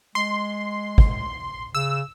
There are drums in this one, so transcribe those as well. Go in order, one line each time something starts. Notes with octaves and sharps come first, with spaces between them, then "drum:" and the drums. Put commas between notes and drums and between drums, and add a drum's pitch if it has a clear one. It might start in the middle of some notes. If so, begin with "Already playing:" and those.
G#3 C6
drum: kick
C#3 E6